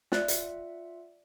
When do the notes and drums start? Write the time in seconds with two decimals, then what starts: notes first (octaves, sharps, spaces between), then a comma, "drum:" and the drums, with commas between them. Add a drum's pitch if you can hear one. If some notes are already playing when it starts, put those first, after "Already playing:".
0.12 F4 D5 E5 F#5 F#6 A6, drum: snare
0.28 drum: hi-hat